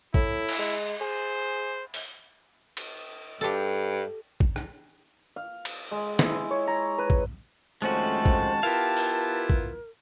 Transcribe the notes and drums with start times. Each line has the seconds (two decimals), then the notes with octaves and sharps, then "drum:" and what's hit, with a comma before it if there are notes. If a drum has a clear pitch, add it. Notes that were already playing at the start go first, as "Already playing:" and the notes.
0.14 A2 E4, drum: kick
0.49 drum: cymbal
0.59 G#3
1.01 G#4 C5
1.94 drum: open hi-hat
2.77 drum: cymbal
3.41 G2 G4 A4
4.40 drum: kick
4.56 drum: rim click
5.36 F5
5.65 drum: cymbal
5.92 G#3
6.19 E4, drum: snare
6.51 C#5
6.67 A#5
6.98 B4
7.10 drum: kick
7.82 F2 D#3 G#3 A3 C#4 F#4 C5 A5
8.26 drum: kick
8.63 B3 E4 F4 G4 A#4 F5
8.97 drum: open hi-hat
9.50 drum: kick